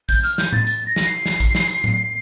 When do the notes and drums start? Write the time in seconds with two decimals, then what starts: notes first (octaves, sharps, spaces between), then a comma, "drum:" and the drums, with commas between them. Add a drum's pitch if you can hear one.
0.09 G6, drum: kick, hi-hat
0.23 F6, drum: hi-hat
0.38 G6, drum: snare
0.52 A6, drum: tom A2
0.67 A6, drum: hi-hat
0.86 A#6
0.96 drum: snare
1.06 C7
1.26 drum: snare
1.40 drum: kick, hi-hat
1.55 drum: snare
1.69 drum: hi-hat
1.84 drum: tom A2